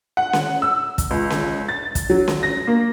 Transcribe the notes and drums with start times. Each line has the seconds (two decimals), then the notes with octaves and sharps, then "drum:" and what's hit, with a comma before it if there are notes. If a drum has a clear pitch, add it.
0.17 F#5
0.33 drum: snare C#4
0.62 E6
0.98 drum: kick, hi-hat
1.11 C#2
1.30 drum: snare C#4
1.69 A6
1.95 drum: kick, hi-hat
2.10 F#3
2.28 drum: snare C#4
2.43 A#6
2.67 A#3